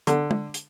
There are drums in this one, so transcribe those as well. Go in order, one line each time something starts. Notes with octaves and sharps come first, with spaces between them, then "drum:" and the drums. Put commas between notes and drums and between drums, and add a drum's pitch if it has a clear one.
D3, drum: hi-hat
drum: tom
drum: hi-hat